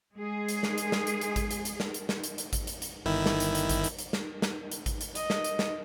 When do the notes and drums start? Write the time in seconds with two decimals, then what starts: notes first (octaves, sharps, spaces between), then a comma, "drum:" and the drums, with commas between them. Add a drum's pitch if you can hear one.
0.16 G#3 G#4
0.49 drum: hi-hat
0.63 drum: snare
0.78 drum: hi-hat
0.92 drum: snare
1.07 drum: hi-hat
1.21 drum: hi-hat
1.36 drum: kick G#1, hi-hat
1.51 drum: hi-hat
1.65 drum: hi-hat
1.80 drum: snare
1.94 drum: hi-hat
2.09 drum: snare
2.24 drum: hi-hat
2.38 drum: hi-hat
2.53 drum: kick G#1, hi-hat
2.67 drum: hi-hat
2.82 drum: hi-hat
3.05 G1 D#3 E4
3.26 drum: snare
3.40 drum: hi-hat
3.55 drum: hi-hat
3.69 drum: kick G#1, hi-hat
3.84 drum: hi-hat
3.99 drum: hi-hat
4.13 drum: snare
4.42 drum: snare
4.72 drum: hi-hat
4.86 drum: kick G#1, hi-hat
5.01 drum: hi-hat
5.15 D#5, drum: hi-hat
5.30 drum: snare
5.44 drum: hi-hat
5.59 drum: snare